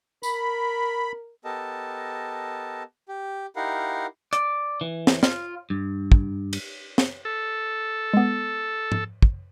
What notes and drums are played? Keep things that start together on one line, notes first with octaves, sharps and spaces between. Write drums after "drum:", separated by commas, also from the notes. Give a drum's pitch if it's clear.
A#4 B5, drum: tambourine
B3 G4 A4 A#4 D#5 A5
G4
D#4 E4 G4 A#4 F5 F#5
D5, drum: hi-hat
E3
drum: snare
F4, drum: snare
G2
drum: kick
drum: cymbal
drum: snare
A4
G#3 B3
drum: tom G#2
drum: kick